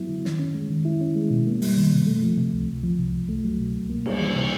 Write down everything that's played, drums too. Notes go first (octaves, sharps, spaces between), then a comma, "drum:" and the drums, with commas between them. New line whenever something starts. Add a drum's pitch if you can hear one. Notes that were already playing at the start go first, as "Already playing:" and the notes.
Already playing: F#3 B3 E4
D3
D#3, drum: snare
C#4
G#3
D#3
E4
C#4
G#3
B2
A#3
G3, drum: open hi-hat
D#3
C3
A3
F3
C3
C#2
C2
F3
C3
C2
A3
F#3
B2
C#2
A#3
G3, drum: cymbal
E3
C3